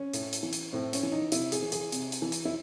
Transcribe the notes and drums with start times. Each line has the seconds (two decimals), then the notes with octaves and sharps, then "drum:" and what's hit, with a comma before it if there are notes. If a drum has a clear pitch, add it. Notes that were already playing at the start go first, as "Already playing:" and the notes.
Already playing: C#4
0.13 A2, drum: hi-hat
0.33 drum: hi-hat
0.43 E3
0.53 drum: hi-hat
0.73 A2 C4
0.93 C#4, drum: hi-hat
1.03 E3
1.12 D#4
1.32 C3 E4, drum: hi-hat
1.52 G#4, drum: hi-hat
1.62 E3
1.72 G#4, drum: hi-hat
1.92 C3, drum: hi-hat
2.12 drum: hi-hat
2.22 E3
2.32 drum: hi-hat
2.45 E4